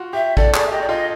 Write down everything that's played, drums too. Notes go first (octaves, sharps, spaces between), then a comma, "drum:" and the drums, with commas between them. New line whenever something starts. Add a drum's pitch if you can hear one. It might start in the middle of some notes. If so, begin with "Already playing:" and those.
Already playing: F4 F#4
G4 E5
A4 D5, drum: kick
G#4 D5, drum: clap
E5
G4 D#5
D5
F4 D#5